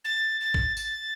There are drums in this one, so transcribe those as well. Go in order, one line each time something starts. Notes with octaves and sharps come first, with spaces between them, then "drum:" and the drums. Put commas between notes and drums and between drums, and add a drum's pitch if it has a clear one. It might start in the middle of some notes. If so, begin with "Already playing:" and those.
A6
A6
drum: kick
A6, drum: tambourine